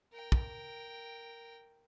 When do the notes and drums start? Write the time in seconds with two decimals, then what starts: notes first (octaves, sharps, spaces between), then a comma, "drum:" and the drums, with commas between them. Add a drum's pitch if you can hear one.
0.13 A#4 G5
0.32 drum: kick